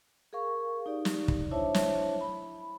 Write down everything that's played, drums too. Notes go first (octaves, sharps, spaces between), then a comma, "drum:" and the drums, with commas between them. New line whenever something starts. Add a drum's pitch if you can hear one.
G#4 A#4 F5 C#6
D#4 G4 D5
drum: snare
drum: kick
D4 E4 C5 C#5 E5 A5
drum: snare
B5